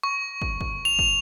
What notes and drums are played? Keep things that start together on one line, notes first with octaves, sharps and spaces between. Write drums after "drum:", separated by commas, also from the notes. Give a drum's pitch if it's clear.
C#6
drum: kick
drum: kick
F7
drum: kick